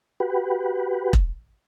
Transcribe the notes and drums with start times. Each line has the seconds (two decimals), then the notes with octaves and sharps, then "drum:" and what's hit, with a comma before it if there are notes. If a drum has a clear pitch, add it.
0.20 F#4 G4 B4
1.13 drum: kick E1